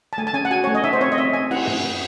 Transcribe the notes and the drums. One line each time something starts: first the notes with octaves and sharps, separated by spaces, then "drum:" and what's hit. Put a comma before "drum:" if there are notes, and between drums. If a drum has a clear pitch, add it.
A5
A3 G#5
A5
C#4 G#5
F#5
F#4 G#5
A3 C#5
D#5
D#4 E5
C5
C4 C#5
D#5
C4 E5
C4 G#5
E4 F#5, drum: cymbal
A3, drum: tom F#2
A3